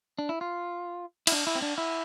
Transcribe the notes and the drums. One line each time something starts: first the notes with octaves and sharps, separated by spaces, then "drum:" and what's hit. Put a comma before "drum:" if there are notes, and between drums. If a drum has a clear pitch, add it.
D4
E4
F4
E4, drum: cymbal
D4
E4
C4
D4
E4